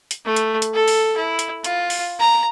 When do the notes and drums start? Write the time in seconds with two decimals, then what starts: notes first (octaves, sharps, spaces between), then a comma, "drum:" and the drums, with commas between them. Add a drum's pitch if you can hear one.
0.11 drum: hi-hat
0.25 A3
0.36 drum: hi-hat
0.62 drum: hi-hat
0.74 A4
0.88 drum: open hi-hat
1.17 E4
1.39 drum: hi-hat
1.64 F4, drum: hi-hat
1.90 drum: open hi-hat
2.20 A#5